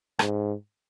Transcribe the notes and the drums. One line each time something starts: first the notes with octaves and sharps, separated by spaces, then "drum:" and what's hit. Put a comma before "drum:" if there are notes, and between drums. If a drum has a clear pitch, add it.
G#2, drum: rim click